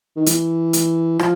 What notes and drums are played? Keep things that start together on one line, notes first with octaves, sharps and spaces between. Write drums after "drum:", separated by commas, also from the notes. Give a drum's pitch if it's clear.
D#3
E3, drum: hi-hat
drum: hi-hat
F3, drum: rim click